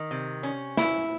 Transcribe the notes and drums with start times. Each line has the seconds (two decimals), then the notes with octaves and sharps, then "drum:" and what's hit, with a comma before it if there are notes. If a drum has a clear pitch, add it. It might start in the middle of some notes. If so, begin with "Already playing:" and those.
Already playing: D#3
0.11 C3
0.43 C#4
0.77 E4, drum: snare